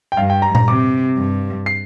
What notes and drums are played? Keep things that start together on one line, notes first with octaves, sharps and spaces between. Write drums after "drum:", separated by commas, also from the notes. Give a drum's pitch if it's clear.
G5
G2 F5
G5
A#5
A#5, drum: tom A#2
C3 D6
G2
C7